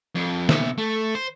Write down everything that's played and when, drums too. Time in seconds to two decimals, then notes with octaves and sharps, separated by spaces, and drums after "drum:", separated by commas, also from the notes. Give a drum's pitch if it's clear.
0.15 F2
0.49 B2 E5, drum: snare
0.78 A3
1.15 C5